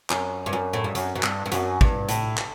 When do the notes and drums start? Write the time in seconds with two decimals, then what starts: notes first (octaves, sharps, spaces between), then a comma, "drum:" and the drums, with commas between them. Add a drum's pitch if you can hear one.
0.10 F#2, drum: clap
0.46 G2
0.53 F#2
0.73 A2
0.84 G2
0.95 F#2, drum: hi-hat
1.16 F#2
1.23 G2, drum: clap
1.46 G2
1.52 F#2, drum: hi-hat
1.81 G2, drum: kick G#1
2.08 A2, drum: hi-hat
2.38 drum: clap